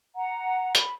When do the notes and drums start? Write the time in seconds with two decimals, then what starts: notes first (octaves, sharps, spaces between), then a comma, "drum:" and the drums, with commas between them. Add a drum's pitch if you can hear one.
0.15 F#5 A#5
0.75 B5, drum: hi-hat